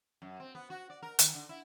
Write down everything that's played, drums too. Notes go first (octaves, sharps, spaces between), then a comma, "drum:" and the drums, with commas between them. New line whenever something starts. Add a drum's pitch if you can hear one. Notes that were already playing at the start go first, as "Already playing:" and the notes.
F#2
C4
B3
F#4
D5
A#4
D#3, drum: hi-hat
D3
E4